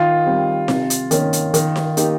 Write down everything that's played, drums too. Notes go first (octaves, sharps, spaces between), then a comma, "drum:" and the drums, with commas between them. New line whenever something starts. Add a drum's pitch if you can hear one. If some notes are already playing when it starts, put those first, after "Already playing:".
Already playing: D#3 F4
G3 C4
C3, drum: snare D#4
drum: hi-hat
D#3 A#3 C#4, drum: hi-hat
drum: hi-hat
D#3, drum: hi-hat
drum: snare D#4
A#3 D#4 G4, drum: hi-hat